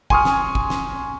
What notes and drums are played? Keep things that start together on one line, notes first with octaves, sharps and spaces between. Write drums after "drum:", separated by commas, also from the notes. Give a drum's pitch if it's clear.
G#5 C6 C#6 D#6 F6, drum: kick
drum: snare
drum: kick
drum: snare